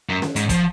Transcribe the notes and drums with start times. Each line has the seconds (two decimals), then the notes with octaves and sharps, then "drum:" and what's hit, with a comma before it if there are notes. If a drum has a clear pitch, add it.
0.09 F#2
0.22 drum: snare
0.36 G#2, drum: hi-hat
0.49 F3, drum: kick, hi-hat